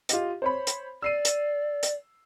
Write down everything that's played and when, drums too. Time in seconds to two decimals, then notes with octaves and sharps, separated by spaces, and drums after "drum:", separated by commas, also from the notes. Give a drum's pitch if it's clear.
0.09 F4 G4 D#5, drum: hi-hat
0.42 C5 C#5 B5
0.67 drum: hi-hat
1.02 D5 E6 C7 D#7
1.25 drum: hi-hat
1.83 drum: hi-hat